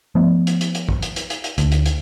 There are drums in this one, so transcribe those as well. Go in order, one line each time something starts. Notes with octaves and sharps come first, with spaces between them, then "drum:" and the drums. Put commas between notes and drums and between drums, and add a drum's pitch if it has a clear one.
F3 A3 B3
drum: hi-hat
drum: hi-hat
drum: hi-hat
drum: kick
drum: hi-hat
drum: hi-hat
drum: hi-hat
drum: hi-hat
D2, drum: hi-hat
drum: hi-hat
drum: hi-hat